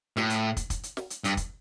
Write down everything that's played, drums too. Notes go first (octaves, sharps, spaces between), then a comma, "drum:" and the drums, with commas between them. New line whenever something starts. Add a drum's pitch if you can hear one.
A2, drum: snare
drum: hi-hat
drum: kick, hi-hat
drum: kick, hi-hat
drum: hi-hat
drum: snare
drum: hi-hat
G2, drum: hi-hat
drum: kick, hi-hat